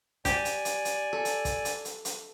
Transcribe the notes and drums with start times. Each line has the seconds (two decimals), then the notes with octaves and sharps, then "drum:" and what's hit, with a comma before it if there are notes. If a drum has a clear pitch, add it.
0.25 G4 D5 G#5, drum: kick, hi-hat
0.45 drum: hi-hat
0.65 drum: hi-hat
0.85 drum: hi-hat
1.13 A4
1.25 drum: hi-hat
1.45 drum: kick, hi-hat
1.65 drum: hi-hat
1.85 drum: hi-hat
2.05 drum: hi-hat